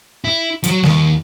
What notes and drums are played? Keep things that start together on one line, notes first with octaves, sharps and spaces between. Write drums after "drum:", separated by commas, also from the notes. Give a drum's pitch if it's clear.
E4
F3 F#3, drum: hi-hat
D#2, drum: snare G3